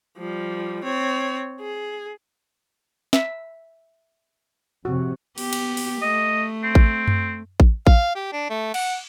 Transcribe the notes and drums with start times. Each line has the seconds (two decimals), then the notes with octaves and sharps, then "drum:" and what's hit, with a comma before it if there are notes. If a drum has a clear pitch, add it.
0.17 F3 G3
0.84 C4 C#5
1.61 G#4
3.13 E5, drum: snare
4.85 F2 C3 F#4
5.38 B3 G4, drum: open hi-hat
5.53 drum: cymbal
5.77 drum: open hi-hat
6.02 A3 D#5
6.63 C4
6.75 drum: kick A1
7.08 drum: tom F#2
7.60 drum: kick A1
7.87 F5, drum: kick A1
8.15 G4
8.32 D4
8.50 A3
8.74 F#5, drum: cymbal